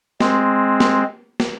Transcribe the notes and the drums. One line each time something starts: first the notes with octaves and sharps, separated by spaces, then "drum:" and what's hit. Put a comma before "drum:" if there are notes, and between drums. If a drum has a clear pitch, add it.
G#3 C4, drum: snare
drum: snare
drum: snare